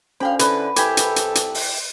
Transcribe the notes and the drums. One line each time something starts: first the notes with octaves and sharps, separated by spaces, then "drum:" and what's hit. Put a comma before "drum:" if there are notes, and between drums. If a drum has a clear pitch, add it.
D2 C#4 C5 F5 G5 B5
D3 E4 B4, drum: hi-hat
C2 E4 G4 A4 G#5 D6 G6 B6, drum: hi-hat
drum: hi-hat
drum: hi-hat
drum: hi-hat
drum: open hi-hat